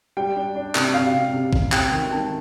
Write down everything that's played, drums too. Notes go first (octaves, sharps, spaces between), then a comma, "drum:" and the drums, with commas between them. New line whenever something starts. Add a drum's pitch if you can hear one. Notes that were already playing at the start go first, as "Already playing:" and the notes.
G3 G5
D4
D4
C3, drum: clap
C3 F5
C3
C3
C3, drum: kick
C3 G5, drum: clap
D#3 G5
D#3 A5